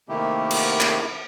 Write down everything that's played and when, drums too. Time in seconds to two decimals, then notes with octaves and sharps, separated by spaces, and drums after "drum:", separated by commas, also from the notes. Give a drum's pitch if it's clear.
0.09 C3 D#3 A3 A#3 E4 G4
0.51 drum: cymbal
0.80 drum: clap